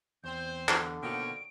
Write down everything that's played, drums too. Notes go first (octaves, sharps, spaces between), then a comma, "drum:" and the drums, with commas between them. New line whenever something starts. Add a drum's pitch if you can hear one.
E2 C4 C5 G6
D3 F#6, drum: clap
B2 D#3 F3 A#3 F#4 C#5 D7